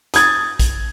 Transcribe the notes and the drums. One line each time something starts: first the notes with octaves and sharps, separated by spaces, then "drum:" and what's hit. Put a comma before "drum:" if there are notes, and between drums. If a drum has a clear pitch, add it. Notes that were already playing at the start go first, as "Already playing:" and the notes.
D#6 G#6 A6, drum: hi-hat
drum: kick, hi-hat